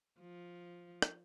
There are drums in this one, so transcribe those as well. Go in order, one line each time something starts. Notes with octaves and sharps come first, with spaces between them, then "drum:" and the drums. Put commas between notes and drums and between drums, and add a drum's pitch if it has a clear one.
F3
drum: rim click